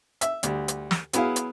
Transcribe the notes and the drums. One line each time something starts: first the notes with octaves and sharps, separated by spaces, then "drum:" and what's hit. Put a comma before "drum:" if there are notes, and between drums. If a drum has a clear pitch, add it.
E5, drum: hi-hat
D2 G3, drum: hi-hat
drum: hi-hat
drum: snare
F#3 B3 E4 G#4 F5, drum: hi-hat
drum: hi-hat